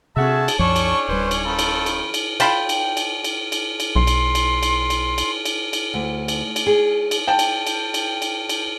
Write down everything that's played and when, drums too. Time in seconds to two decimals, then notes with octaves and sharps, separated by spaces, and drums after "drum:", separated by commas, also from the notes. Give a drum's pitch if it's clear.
0.16 D2 C3 C4 F#4 G#4 E5 A5
0.48 drum: cymbal
0.59 C2 F#2 F3 C#4 D4 C#5 A5 C#6
0.76 drum: cymbal
1.08 D1 G3 B4 C5
1.31 drum: cymbal
1.45 D#3 F3 C#4 A4 B5
1.59 drum: cymbal
1.86 drum: cymbal
2.14 drum: cymbal
2.40 F4 G5 A5 B5, drum: cymbal
2.69 drum: cymbal
2.97 drum: cymbal
3.24 drum: cymbal
3.52 drum: cymbal
3.80 drum: cymbal
3.96 B1 C6
4.07 drum: cymbal
4.35 drum: cymbal
4.63 drum: cymbal
4.90 drum: cymbal
5.18 drum: cymbal
5.45 drum: cymbal
5.73 drum: cymbal
5.94 D2
6.28 drum: cymbal
6.56 drum: cymbal
6.67 G#4
7.11 drum: cymbal
7.28 G5 A5
7.39 drum: cymbal
7.67 drum: cymbal
7.94 drum: cymbal
8.22 drum: cymbal
8.49 drum: cymbal